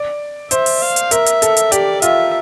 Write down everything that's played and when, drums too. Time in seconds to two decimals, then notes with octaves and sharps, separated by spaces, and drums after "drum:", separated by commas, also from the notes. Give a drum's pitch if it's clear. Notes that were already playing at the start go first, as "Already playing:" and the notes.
Already playing: D5
0.51 C5 E5, drum: hi-hat
0.66 drum: open hi-hat
0.82 F5
0.96 drum: hi-hat
1.11 A#4 E5, drum: hi-hat
1.26 drum: hi-hat
1.42 A4, drum: hi-hat
1.57 drum: hi-hat
1.72 G4 D5, drum: hi-hat
2.02 F4 E5, drum: hi-hat